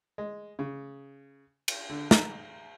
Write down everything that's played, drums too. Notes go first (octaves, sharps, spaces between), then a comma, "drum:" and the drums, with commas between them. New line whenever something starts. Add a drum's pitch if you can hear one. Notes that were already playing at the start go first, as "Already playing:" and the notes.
G#3
C#3
drum: cymbal
D3
A#5, drum: snare